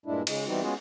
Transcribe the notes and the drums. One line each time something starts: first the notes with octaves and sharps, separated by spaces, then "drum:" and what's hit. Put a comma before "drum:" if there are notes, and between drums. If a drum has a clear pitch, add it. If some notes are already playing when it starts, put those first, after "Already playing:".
G2 A#2 G#3 D4 E4
C#3 G#3, drum: cymbal
E3 G3 B3 C4 D#4 F#4
G#3 B3 C#4 F4 F#4 G#4